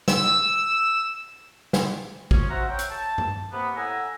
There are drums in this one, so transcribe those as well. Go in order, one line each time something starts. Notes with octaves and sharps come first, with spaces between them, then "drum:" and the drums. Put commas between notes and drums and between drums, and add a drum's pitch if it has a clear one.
E6, drum: snare
drum: snare
F3 C#4, drum: kick
F#4 C5 E5 F#5 A#5
C#5 E5 G5
drum: hi-hat
A5
drum: tom G2
C3 A#3 B3
A2 F#5 G#5 A#5 E6